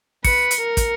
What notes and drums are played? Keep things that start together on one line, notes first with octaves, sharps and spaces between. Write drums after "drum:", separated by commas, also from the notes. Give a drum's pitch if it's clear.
B4 C#7, drum: kick, open hi-hat
drum: hi-hat
A#4
drum: kick, hi-hat